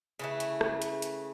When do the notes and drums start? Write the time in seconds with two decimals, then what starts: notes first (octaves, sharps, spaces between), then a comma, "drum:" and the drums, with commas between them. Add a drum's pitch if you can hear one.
0.19 C#3 E3 A3
0.40 drum: hi-hat
0.61 drum: rim click
0.82 drum: hi-hat
1.02 drum: hi-hat